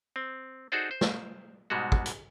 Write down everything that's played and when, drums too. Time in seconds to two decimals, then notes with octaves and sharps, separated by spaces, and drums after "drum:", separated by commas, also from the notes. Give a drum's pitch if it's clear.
0.16 C4
0.72 D#4 F#4 G#4 A4 C5 D5
0.91 C5
1.01 drum: snare
1.70 G#2 B2 G3 G#3 F#4
1.92 drum: kick
2.06 drum: hi-hat